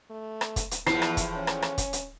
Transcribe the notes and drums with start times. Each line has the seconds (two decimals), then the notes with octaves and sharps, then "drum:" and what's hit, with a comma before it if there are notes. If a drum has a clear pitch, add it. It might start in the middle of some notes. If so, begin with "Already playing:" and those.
0.10 A3
0.41 drum: rim click
0.56 drum: kick, hi-hat
0.71 drum: hi-hat
0.87 E2 A2 E3 F3 B3 C7, drum: rim click
1.02 drum: rim click
1.17 drum: kick, hi-hat
1.37 C#4
1.47 drum: rim click
1.62 drum: rim click
1.78 drum: kick, hi-hat
1.93 drum: hi-hat